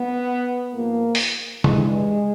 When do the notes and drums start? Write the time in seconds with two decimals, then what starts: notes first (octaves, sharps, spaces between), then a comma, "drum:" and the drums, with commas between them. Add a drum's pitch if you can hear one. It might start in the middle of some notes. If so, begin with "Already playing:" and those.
Already playing: B3
0.74 G#2 F3 A#3
1.15 drum: open hi-hat
1.64 G2 E3 G#3, drum: tom